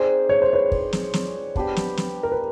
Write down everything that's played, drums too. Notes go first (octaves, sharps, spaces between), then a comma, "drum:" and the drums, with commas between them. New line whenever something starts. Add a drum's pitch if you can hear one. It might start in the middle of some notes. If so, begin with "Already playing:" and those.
Already playing: C4 D#4 G#4 C5 D5
C#5
C5
B4 C#5
drum: kick
drum: snare
drum: snare
B3 D4 G4, drum: kick
drum: snare
drum: snare
A#4
B4